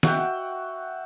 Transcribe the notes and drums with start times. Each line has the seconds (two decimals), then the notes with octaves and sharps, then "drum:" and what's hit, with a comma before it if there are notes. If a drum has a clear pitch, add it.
0.03 F#4 E5 F#5 G5, drum: snare